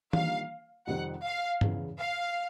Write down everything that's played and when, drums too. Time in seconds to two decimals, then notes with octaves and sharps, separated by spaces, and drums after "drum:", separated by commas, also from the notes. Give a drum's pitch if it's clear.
0.13 D#3 G3 A#3 D4 F4 F5, drum: tom E3
0.87 F2 C3 D#3 G3 C4 F#5
1.25 F5
1.61 E2 C#3 E3, drum: tom G2
1.99 F5